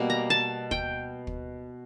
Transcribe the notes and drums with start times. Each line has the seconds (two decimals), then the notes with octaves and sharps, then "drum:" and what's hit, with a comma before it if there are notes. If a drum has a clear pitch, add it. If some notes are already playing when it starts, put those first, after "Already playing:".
Already playing: B2 G3 A#3
0.10 A#5
0.30 A5
0.71 G5, drum: kick
1.27 drum: kick